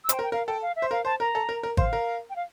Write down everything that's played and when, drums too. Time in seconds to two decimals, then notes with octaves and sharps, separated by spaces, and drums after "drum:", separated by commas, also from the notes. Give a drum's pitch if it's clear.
0.04 E6
0.09 C5 G5, drum: hi-hat
0.19 A#4
0.23 G5
0.32 A#4 F5
0.47 A4 G5
0.62 F5
0.76 E5
0.82 C5
0.91 A#4 F5
1.05 C5 A5
1.20 A#4 A#5
1.35 A4
1.49 A#4
1.63 A#4
1.77 C5 F5, drum: kick G#1
1.93 A#4
2.30 G5
2.36 F5